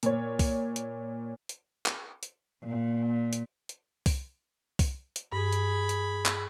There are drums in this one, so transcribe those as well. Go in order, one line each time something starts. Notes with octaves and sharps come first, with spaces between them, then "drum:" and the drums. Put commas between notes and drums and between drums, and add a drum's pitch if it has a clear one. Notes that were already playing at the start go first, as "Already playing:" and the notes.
A#2 C#5, drum: hi-hat
drum: kick C2, open hi-hat
drum: hi-hat
drum: hi-hat
drum: clap
drum: hi-hat
A#2
drum: hi-hat
drum: hi-hat
drum: kick C2, open hi-hat
drum: kick C2, open hi-hat
drum: hi-hat
G2 G#4 B5
drum: hi-hat
drum: hi-hat
drum: clap